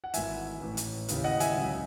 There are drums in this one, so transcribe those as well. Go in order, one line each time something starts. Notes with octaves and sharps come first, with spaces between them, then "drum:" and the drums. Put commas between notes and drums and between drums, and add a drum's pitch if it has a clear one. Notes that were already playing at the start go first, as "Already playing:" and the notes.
F#5
G#1 G#2 E3 E5 G#5, drum: hi-hat
A1 A2 E3
drum: hi-hat
D#2 C#3 E3, drum: hi-hat
D#5 F#5
E5 G#5, drum: hi-hat
C#2 C#3 F#3